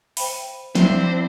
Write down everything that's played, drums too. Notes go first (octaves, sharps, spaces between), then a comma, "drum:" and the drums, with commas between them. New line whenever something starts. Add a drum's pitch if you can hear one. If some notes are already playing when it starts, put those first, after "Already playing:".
C5 G5 B5, drum: open hi-hat
F3 C4 D4 E4 C5, drum: snare